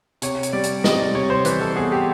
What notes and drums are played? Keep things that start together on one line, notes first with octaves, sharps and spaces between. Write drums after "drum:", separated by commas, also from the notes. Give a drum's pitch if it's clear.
C3 C#5, drum: hi-hat
drum: hi-hat
G3 D5
drum: hi-hat
C3 D#5, drum: snare
D5
C3 C#5
C5
E3 B4, drum: hi-hat
A4
B3 G#4
G4